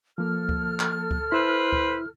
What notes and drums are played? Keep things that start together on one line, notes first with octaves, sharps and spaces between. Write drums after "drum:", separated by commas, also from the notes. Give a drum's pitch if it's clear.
F3 A#3 A4 F6
drum: kick D2
drum: clap
drum: kick D2
E4 B4 C5 E6 F#6
drum: kick D2